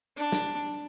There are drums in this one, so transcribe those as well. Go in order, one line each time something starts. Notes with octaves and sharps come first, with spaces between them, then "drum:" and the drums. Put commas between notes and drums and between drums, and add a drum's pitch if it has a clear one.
D4, drum: hi-hat
drum: snare